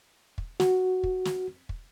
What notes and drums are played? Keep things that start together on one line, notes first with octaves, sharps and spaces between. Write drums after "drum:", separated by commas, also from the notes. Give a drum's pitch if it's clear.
drum: kick
F#4, drum: snare
drum: kick
drum: snare
drum: kick